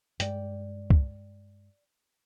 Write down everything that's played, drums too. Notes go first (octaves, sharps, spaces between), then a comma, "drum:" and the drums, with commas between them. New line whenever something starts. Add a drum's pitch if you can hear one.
G2 G#3 D5 G5, drum: hi-hat
drum: kick